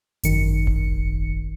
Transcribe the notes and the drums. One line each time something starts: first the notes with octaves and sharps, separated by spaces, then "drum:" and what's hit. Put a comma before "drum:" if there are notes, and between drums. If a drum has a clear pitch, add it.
G#1 F#2 D#3 C#7, drum: hi-hat
drum: kick D#1